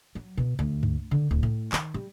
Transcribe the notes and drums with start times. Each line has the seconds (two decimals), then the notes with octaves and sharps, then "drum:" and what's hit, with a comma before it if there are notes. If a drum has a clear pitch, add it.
0.15 F#3
0.37 B2
0.59 D2
0.83 drum: tom G2
1.11 D3
1.31 D1
1.43 A2
1.72 D#3, drum: clap
1.94 G3